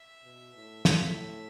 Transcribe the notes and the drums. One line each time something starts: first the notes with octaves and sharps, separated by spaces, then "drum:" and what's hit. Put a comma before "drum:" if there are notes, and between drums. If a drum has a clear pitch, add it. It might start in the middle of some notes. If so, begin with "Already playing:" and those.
Already playing: E5
B2
A2
A2, drum: snare